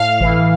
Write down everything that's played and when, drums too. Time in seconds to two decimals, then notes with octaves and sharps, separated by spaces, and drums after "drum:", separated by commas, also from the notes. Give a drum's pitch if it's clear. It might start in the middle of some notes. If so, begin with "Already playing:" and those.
Already playing: A2 F5
0.21 E3, drum: kick G#1